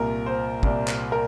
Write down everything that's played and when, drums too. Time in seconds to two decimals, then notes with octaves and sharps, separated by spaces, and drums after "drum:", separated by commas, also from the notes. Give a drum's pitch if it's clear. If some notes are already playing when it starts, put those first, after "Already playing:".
Already playing: C2 A#2 A#4
0.26 C5
0.63 C2 A#2 D5, drum: kick
0.88 drum: clap
1.12 A#4